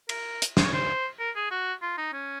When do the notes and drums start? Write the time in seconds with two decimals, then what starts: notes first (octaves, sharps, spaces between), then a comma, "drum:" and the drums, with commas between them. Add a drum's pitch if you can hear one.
0.09 A#4, drum: cymbal
0.42 drum: hi-hat
0.57 C5, drum: snare
0.64 C#5
0.73 C5
1.19 A#4
1.36 G#4
1.51 F#4
1.82 F4
1.98 D#4
2.13 C#4